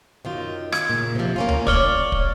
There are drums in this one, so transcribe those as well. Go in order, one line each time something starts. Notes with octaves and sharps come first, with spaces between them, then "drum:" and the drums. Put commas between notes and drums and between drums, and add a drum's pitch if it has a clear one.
F#2 D#3 F4
G#6, drum: rim click
A#2 C#3
C3 F3
A#3 C#4 F4
drum: tom D2
C#5 D5 D6 F6 G7, drum: kick
drum: kick